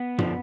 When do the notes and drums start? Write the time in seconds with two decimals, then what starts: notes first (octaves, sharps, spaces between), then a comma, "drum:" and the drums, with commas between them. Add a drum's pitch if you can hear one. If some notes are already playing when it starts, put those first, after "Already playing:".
Already playing: B3
0.18 D3 F3, drum: tom